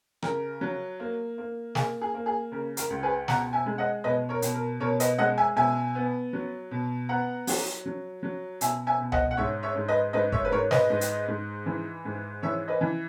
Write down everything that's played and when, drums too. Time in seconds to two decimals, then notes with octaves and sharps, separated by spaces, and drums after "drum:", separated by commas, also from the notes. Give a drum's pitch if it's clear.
0.22 C#3 A#4, drum: rim click
0.61 F#3
1.00 A#3
1.38 A#3
1.75 A#3 G#4, drum: snare
2.01 G#4
2.14 A#3
2.26 G#4
2.52 C#3 A#4
2.77 A#4, drum: hi-hat
2.90 C#2
3.03 G#4 B4
3.28 B2 F#5 A#5, drum: snare
3.53 E5 G#5
3.66 G#3
3.78 D#5 F#5
4.04 B2 B4 D#5
4.29 A#4 C#5
4.42 B2, drum: hi-hat
4.54 A#4
4.80 B2 A#4 C#5
5.00 B4 D#5, drum: hi-hat
5.18 G#3 D#5 F#5
5.38 E5 G#5
5.56 B2 E5 G#5
5.95 B3
6.33 F#3
6.71 B2
7.09 B3 F#5 A#5
7.47 F#3, drum: open hi-hat
7.86 F#3
8.23 F#3
8.61 B2 E5 G#5, drum: hi-hat
8.87 E5 G#5
9.00 B2
9.12 D#5 F#5, drum: tom C2
9.31 F#5
9.37 G#2 C#5 E5
9.63 C#5 E5
9.76 G#2
9.88 B4 D#5
10.13 G#2 B4 D#5
10.32 C#5 E5, drum: kick
10.45 B4
10.51 G#2 A#4 C#5
10.71 B4 D#5, drum: snare
10.90 G#2
11.01 drum: hi-hat
11.28 G#2
11.66 E3
12.05 G#2
12.42 E3 C#5 E5
12.68 B4 D#5
12.81 E3